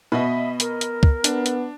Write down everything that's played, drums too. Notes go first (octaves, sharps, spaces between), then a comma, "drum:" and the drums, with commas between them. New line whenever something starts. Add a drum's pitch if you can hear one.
B2 D#5 E5 B5
A#4, drum: hi-hat
drum: hi-hat
drum: kick
B3 D4, drum: hi-hat
drum: hi-hat